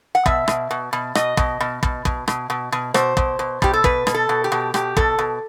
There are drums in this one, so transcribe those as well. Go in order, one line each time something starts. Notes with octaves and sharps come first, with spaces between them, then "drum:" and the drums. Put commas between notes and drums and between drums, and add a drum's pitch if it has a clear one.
F#5
B2 E5, drum: kick
B2, drum: rim click
B2
B2
B2 D#5, drum: rim click
B2, drum: kick
B2
B2, drum: kick
B2, drum: kick
B2, drum: rim click
B2
B2
B2 C5, drum: rim click
B2, drum: kick
B2
B2 G4, drum: kick
A4
B2 B4, drum: kick
B2, drum: rim click
A4
B2
G4
B2
B2 G4, drum: rim click
B2 A4, drum: kick
B2